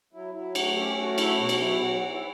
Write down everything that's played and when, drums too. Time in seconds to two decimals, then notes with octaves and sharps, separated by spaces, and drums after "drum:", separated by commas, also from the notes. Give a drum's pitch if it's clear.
0.13 F#3 E4
0.34 F#3 E4
0.55 A3 F#4, drum: cymbal
0.76 C#4 G4
0.97 A3 F#4
1.18 F#3 E4, drum: cymbal
1.39 B2 F#4
1.49 drum: cymbal
1.59 F#3 E4
1.80 F#3 F#4
1.96 F#4
2.01 F#3
2.11 E4